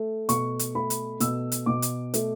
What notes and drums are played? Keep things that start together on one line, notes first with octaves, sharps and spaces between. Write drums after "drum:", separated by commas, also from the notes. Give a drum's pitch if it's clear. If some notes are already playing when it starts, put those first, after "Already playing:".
Already playing: A3
B2 C#6, drum: hi-hat
drum: hi-hat
A3 B5
drum: hi-hat
B2 E6, drum: hi-hat
drum: hi-hat
B2 D6
drum: hi-hat
A3, drum: hi-hat